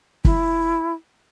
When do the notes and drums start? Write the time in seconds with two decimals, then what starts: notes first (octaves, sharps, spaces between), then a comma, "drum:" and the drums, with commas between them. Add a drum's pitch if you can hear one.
0.25 E4, drum: kick